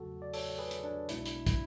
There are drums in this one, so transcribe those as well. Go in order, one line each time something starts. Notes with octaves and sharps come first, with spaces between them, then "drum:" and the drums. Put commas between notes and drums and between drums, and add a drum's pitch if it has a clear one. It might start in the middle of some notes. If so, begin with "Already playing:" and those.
Already playing: E2 C#3 F#3 A3 F#4 A4
D5
A4 C#5, drum: open hi-hat
G#4 B4
drum: hi-hat
D4
B1 B2 G#3 E4, drum: hi-hat
D4
E4, drum: hi-hat
E4, drum: kick, hi-hat